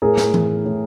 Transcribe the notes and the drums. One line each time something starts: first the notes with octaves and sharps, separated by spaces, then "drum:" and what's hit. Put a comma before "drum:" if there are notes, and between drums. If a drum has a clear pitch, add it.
A2 G#4 A#4
drum: snare
A2, drum: tom E3
A2